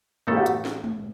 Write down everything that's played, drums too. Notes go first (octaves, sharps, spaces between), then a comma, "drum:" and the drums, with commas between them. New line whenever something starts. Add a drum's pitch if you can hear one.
A1 A2 A3 A#3 D#4 G4 A4
F#4
drum: hi-hat
drum: snare
drum: tom G#3